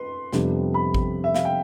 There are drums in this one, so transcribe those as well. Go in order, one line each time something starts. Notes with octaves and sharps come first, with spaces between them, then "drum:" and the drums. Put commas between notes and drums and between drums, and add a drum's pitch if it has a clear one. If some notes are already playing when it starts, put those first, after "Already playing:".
Already playing: B4 C6
F2 C3 G3 B3 D4, drum: snare
B5
drum: kick A1
E5
F5, drum: snare
G5